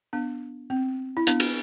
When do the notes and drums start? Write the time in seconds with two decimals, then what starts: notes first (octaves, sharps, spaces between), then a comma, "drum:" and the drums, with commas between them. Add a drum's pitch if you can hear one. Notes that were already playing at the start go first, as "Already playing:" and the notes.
0.13 B3 D4
0.70 C4
1.17 E4
1.27 B3 D4, drum: hi-hat
1.40 drum: cymbal